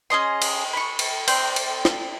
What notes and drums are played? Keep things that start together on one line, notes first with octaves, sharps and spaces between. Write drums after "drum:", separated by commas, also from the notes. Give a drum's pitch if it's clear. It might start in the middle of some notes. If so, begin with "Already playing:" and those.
C#4 G#4 D#5 C6
drum: cymbal
B5 C#6
drum: cymbal
C4 D5 C6 G6, drum: cymbal
drum: cymbal
drum: snare